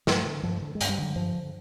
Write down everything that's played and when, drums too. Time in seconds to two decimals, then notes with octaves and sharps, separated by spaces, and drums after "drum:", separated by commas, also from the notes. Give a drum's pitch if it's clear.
0.07 G2 F3, drum: snare
0.26 D3
0.43 G2 F3
0.61 D3
0.75 G#3
0.81 G2, drum: hi-hat
0.89 G3
0.98 D3 F#3
1.16 G2 F3
1.34 D3